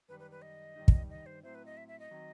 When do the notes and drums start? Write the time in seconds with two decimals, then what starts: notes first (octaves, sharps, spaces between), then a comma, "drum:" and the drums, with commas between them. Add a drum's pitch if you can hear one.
0.09 F#2 D#3 G3 B4
0.20 B4
0.31 B4
0.42 D#5
0.76 G2 D#3 G3 D#4
0.88 drum: kick
1.10 D#5
1.26 C5
1.43 A2 F#3 C4 E4 C5
1.55 B4
1.66 D#5
1.77 E5
1.88 E5
2.00 D#5
2.11 D#3 F#3 C4